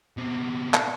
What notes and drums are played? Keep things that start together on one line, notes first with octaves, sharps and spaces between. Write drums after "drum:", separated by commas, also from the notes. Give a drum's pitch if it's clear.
B2 C4
drum: clap